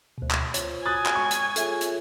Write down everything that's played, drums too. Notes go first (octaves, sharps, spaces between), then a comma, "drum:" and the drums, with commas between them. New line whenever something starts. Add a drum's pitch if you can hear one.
D2 B2
drum: clap
F4 C5 C#5, drum: hi-hat
F#4 G#5 D#6 F#6 A6
drum: clap
G#3 C#6
drum: hi-hat
F4 G#4 A4 C#5 E5, drum: hi-hat
drum: hi-hat